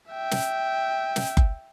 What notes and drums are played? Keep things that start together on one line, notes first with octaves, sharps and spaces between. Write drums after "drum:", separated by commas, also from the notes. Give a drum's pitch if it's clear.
E5 G5
drum: snare
drum: snare
drum: kick F#1